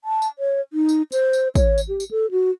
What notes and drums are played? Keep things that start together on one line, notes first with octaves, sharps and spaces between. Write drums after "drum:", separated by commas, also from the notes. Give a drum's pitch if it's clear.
A5
drum: tambourine
C#5
D#4
drum: tambourine
C5, drum: tambourine
drum: tambourine
C#5, drum: kick, tambourine
drum: tambourine
G4
drum: tambourine
A4
F#4